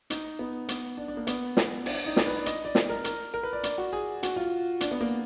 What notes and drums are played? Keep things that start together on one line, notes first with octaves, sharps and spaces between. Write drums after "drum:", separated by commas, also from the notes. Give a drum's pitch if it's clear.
D#4, drum: hi-hat
B3
B3, drum: hi-hat
D4
D4
A#3
B3, drum: hi-hat
B3, drum: snare
D4, drum: open hi-hat
D#4
D5, drum: snare
B4
D5
D#5, drum: hi-hat
D5
drum: snare
A#4
A#4, drum: hi-hat
A#4
B4
D5
D5, drum: hi-hat
F#4
G#4
F#4, drum: hi-hat
F4
D4, drum: hi-hat
B3
A#3